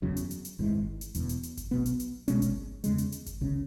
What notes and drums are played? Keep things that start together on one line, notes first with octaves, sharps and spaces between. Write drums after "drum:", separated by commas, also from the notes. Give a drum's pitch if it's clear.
F#1 E2 C#3 F#3
drum: hi-hat
drum: hi-hat
drum: hi-hat
G#1 G#2 E3 G#3
drum: kick G1
drum: hi-hat
E1 E2 B2, drum: hi-hat
drum: hi-hat
drum: hi-hat
drum: kick G1, hi-hat
B1 B2 B3
drum: hi-hat
drum: hi-hat
B1 B2 G#3 C#4, drum: hi-hat
drum: kick G1, hi-hat
E2 C#3 G#3, drum: hi-hat
drum: hi-hat
drum: hi-hat
drum: kick G1, hi-hat
C#2 C#3 G#3 C#4